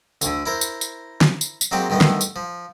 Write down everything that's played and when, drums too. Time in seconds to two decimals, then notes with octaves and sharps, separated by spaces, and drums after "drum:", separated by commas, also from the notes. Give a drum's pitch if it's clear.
0.21 D2 D3, drum: tambourine
0.46 E4 A#4 C5
0.61 drum: tambourine
0.81 drum: tambourine
1.21 drum: snare
1.41 drum: tambourine
1.61 drum: tambourine
1.71 F#3 G#3 A#3 C4 G4
1.90 G2 D3 D#3 A3 B3
2.01 drum: snare
2.21 drum: tambourine
2.36 F3